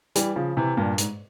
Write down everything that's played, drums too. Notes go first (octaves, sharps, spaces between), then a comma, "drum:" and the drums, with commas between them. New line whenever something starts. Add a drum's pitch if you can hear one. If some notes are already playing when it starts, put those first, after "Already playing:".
E3 G3, drum: hi-hat
C#3 F3
C3 E3
G2 A#2
G#2, drum: hi-hat